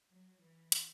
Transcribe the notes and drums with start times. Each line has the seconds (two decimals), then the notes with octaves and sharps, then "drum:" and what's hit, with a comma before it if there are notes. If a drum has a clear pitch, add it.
0.12 F#3
0.42 E3
0.72 drum: hi-hat